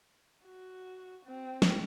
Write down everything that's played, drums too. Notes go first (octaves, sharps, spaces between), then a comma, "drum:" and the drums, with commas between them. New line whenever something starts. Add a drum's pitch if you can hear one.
F#4
C4
drum: snare